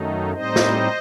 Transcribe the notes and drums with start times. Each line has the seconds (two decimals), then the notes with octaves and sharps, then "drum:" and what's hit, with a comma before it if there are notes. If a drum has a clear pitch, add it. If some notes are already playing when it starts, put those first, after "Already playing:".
Already playing: F#2 D#3 F#3 A3 D#4
0.34 A2 G3 C4 D#4 C5 D#5
0.56 drum: snare